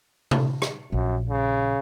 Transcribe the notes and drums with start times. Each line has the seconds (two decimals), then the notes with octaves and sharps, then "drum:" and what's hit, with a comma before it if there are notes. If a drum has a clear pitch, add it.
0.31 drum: tom C3
0.62 drum: rim click
0.92 A#1 F#2
1.30 C#3